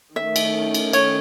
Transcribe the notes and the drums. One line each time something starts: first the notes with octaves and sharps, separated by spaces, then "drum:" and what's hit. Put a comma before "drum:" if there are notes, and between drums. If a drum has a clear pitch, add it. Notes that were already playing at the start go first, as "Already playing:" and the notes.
D#3 A3 C#4 E5
drum: cymbal
drum: cymbal
C#5, drum: cymbal